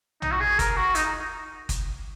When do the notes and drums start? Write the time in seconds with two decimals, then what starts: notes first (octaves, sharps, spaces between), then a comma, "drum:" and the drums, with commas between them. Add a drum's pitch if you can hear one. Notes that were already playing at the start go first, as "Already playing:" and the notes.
0.22 D#4, drum: tom A#1
0.32 F#4
0.40 G#4
0.59 A#4, drum: kick F#1, hi-hat
0.76 F#4
0.95 D#4, drum: hi-hat
1.69 drum: kick F#1, hi-hat